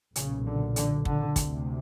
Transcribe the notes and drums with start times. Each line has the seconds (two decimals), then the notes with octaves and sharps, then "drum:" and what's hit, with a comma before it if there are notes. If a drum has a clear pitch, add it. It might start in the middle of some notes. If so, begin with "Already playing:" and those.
0.16 B1 A#2 C#3, drum: hi-hat
0.45 D3
0.76 D3, drum: hi-hat
1.05 D3, drum: kick
1.36 D2 C3, drum: kick, hi-hat